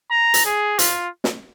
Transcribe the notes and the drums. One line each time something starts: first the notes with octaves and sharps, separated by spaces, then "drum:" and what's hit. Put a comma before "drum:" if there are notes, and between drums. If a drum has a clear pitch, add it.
A#5
drum: hi-hat
G#4
F4, drum: hi-hat
drum: snare